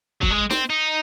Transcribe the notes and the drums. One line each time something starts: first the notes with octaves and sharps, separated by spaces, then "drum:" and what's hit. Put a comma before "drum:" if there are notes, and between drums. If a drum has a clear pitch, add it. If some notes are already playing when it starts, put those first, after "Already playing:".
F#3, drum: kick
G#3
C4, drum: snare
D#4